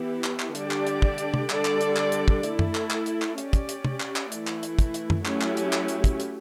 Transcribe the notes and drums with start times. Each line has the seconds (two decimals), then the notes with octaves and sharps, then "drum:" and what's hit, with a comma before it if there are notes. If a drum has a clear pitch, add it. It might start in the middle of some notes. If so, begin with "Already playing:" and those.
Already playing: E3 B3 E4 G4 B4
0.24 drum: clap
0.40 drum: clap
0.55 D3 G3 D4 G4 D5, drum: hi-hat
0.71 drum: clap
0.87 drum: hi-hat
1.02 drum: kick
1.18 drum: hi-hat
1.34 drum: tom
1.50 D3 G3 D4 A4 D5, drum: clap
1.65 drum: clap
1.81 drum: hi-hat
1.96 drum: clap
2.12 drum: hi-hat
2.28 drum: kick
2.43 A3 E4 A4, drum: hi-hat
2.59 drum: tom F#2
2.75 drum: clap
2.90 drum: clap
3.06 drum: hi-hat
3.22 drum: clap
3.38 C#4 G4 D5, drum: hi-hat
3.53 drum: kick, hi-hat
3.69 drum: hi-hat
3.85 drum: tom
4.00 drum: clap
4.16 drum: clap
4.32 E3 A3 E4, drum: hi-hat
4.47 drum: clap
4.63 drum: hi-hat
4.79 drum: kick, hi-hat
4.94 drum: hi-hat
5.10 drum: tom F#2
5.25 F#3 A3 C#4 E4 G4, drum: clap
5.41 drum: clap
5.57 drum: hi-hat
5.73 drum: clap
5.88 drum: hi-hat
6.04 drum: kick, hi-hat
6.20 drum: hi-hat